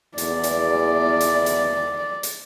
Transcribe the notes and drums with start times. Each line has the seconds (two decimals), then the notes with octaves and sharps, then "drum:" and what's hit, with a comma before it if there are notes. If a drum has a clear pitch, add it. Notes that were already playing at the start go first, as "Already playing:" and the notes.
0.18 E2 D5, drum: hi-hat
0.43 drum: hi-hat
1.21 drum: hi-hat
1.46 drum: hi-hat
2.23 drum: hi-hat